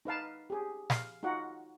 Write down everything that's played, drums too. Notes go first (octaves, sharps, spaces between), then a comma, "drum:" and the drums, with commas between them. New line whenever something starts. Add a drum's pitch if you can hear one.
D#4 B4 F5 A5
G4 G#4
F5, drum: snare
D#4 F4 F#4 F#5